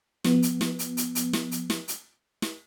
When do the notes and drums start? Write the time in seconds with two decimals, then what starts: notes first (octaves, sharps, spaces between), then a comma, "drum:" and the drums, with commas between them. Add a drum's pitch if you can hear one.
0.24 F3 B3, drum: snare
0.43 drum: hi-hat
0.61 drum: snare
0.79 drum: hi-hat
0.97 drum: hi-hat
1.15 drum: hi-hat
1.33 drum: snare
1.51 drum: hi-hat
1.70 drum: snare
1.88 drum: hi-hat
2.42 drum: snare